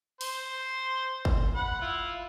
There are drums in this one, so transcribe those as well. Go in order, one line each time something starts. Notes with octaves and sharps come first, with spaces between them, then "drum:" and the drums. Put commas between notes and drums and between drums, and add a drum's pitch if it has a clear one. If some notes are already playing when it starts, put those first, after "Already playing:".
C5, drum: open hi-hat
drum: kick
F#5 B5
E4 F4